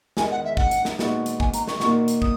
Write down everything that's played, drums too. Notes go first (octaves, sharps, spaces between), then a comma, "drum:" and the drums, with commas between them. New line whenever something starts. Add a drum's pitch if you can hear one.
E2 D#3 G#3 D#4 G#5, drum: snare
F#5
E5
F#5, drum: kick
drum: hi-hat
drum: snare
A#2 G#3 B3 D#4 F#4, drum: snare
drum: hi-hat
G#5, drum: kick
A#5, drum: hi-hat
C#6, drum: snare
A#2 A#3 D#4 F#4, drum: snare
drum: hi-hat
D#6, drum: kick